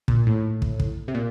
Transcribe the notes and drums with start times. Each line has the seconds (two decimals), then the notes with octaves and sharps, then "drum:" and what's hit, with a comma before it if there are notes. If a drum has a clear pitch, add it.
0.08 A#2, drum: kick
0.27 A2
0.62 drum: kick
0.80 drum: kick
1.08 C3
1.15 A#2